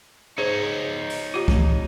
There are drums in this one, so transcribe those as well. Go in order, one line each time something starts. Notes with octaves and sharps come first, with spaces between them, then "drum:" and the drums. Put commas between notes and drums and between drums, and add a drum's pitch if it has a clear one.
D#4 G#4 C5 C#5
drum: open hi-hat
F4 G4
drum: kick C#2